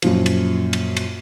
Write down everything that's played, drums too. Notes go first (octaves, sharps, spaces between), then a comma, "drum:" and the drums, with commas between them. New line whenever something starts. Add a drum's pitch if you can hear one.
F#2 A#2 F3, drum: cymbal
drum: cymbal
drum: cymbal
drum: cymbal